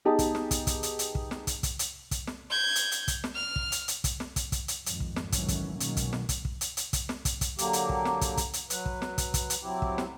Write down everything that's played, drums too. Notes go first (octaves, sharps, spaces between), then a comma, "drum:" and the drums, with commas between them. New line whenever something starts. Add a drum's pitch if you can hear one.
B3 D#4 G4 G#4 D#5 A5
drum: kick, hi-hat
drum: snare
drum: kick, hi-hat
drum: kick, hi-hat
drum: hi-hat
drum: hi-hat
drum: kick
drum: snare
drum: kick, hi-hat
drum: kick, hi-hat
drum: hi-hat
drum: kick, hi-hat
drum: snare
G6 G#6
drum: hi-hat
drum: hi-hat
drum: kick, hi-hat
drum: snare
F6
drum: kick
drum: hi-hat
drum: hi-hat
drum: kick, hi-hat
drum: snare
drum: kick, hi-hat
drum: kick, hi-hat
drum: hi-hat
G#1 F2, drum: hi-hat
drum: kick
drum: snare
G#1 D#3 E3 F#3 A3 C#4, drum: kick, hi-hat
drum: kick, hi-hat
B2 D#3 F#3 G#3 A#3 C#4, drum: hi-hat
drum: kick, hi-hat
drum: snare
drum: kick, hi-hat
drum: kick
drum: hi-hat
drum: hi-hat
drum: kick, hi-hat
drum: snare
drum: kick, hi-hat
drum: kick, hi-hat
D3 F#3 A#3 G4, drum: hi-hat
drum: hi-hat
drum: kick
drum: snare
drum: kick, hi-hat
drum: kick, hi-hat
drum: hi-hat
F#3 B4, drum: hi-hat
drum: kick
drum: snare
drum: kick, hi-hat
drum: kick, hi-hat
drum: hi-hat
F#3 C4 E4 G4
drum: kick
drum: snare